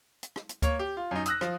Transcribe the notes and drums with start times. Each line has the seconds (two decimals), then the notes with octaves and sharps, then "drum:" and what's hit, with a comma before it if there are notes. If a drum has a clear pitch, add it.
0.23 drum: hi-hat
0.36 drum: rim click
0.49 drum: hi-hat
0.62 A#3 C#5, drum: kick D2, hi-hat
0.79 G4
0.97 F4
1.11 F#2 D#4
1.26 D#6 E6 F#6 A#6, drum: hi-hat
1.41 F3, drum: rim click